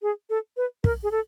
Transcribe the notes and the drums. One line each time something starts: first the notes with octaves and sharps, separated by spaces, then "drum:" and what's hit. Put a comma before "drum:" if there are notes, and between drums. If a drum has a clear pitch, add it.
G#4
A4
B4
A#4, drum: kick
G#4
A4